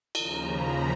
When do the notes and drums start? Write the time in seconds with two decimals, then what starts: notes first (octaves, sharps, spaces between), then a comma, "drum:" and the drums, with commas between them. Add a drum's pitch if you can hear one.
0.15 D#2 C#3 F3 A#5, drum: cymbal
0.49 B5